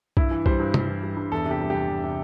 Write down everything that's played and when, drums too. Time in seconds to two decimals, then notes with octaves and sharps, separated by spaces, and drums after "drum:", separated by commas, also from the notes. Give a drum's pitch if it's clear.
0.17 G2 E4, drum: kick B1
0.31 E3
0.46 G3 C5, drum: kick B1
0.60 G2
0.74 G2, drum: tom C3
0.89 E3
1.03 G3
1.17 G2
1.32 E2 A4
1.46 C3
1.51 G4
1.61 G3
1.70 E2 G4
1.89 E2
2.04 C3